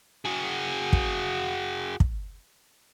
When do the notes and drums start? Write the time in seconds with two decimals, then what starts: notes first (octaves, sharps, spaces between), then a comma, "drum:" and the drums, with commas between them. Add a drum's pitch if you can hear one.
0.25 F#4 G#4
0.93 drum: kick
2.00 drum: kick